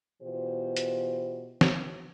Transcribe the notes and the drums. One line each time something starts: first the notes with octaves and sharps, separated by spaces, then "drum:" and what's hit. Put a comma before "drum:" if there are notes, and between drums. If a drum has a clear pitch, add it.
B2 E3 F4 G4 C5
drum: hi-hat
drum: snare